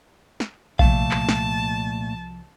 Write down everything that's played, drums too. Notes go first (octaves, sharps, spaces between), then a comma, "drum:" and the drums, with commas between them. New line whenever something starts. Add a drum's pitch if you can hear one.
drum: snare
C2 A#2 F3 A3 F5 A5, drum: kick A#1
drum: clap
drum: snare